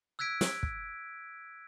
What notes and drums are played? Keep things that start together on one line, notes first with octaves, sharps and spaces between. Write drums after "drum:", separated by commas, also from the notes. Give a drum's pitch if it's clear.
E6 F#6 G#6 B6 D7
drum: snare
drum: kick